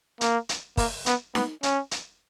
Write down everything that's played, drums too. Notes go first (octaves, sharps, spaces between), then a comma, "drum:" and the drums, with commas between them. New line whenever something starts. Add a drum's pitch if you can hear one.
A#3, drum: hi-hat
drum: hi-hat
A#3, drum: kick, open hi-hat
B3, drum: hi-hat
B3, drum: snare D#4
C#4, drum: hi-hat
drum: hi-hat